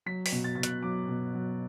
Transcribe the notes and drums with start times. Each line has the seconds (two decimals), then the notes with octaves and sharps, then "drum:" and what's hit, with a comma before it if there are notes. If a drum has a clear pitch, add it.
0.06 F#3 B6
0.26 B6, drum: open hi-hat
0.32 B2
0.44 A6
0.55 B2 A6
0.63 F#6, drum: hi-hat
0.83 F#3 D6
1.08 B2
1.35 F#3